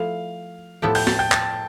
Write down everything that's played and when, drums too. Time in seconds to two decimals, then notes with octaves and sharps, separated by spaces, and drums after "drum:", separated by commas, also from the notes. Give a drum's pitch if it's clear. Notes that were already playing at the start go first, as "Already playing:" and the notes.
Already playing: F3 A3 E4 F5
0.82 A2 F3 B3 E4 G4 A4 A5
0.95 G5 G6, drum: open hi-hat
1.07 A5 A6, drum: snare
1.19 G5 G6
1.32 A5 A6, drum: clap